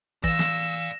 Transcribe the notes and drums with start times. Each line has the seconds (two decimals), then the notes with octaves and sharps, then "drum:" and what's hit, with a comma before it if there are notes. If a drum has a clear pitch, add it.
0.24 E3 D5 F5 E6 A#6 E7, drum: kick
0.39 drum: snare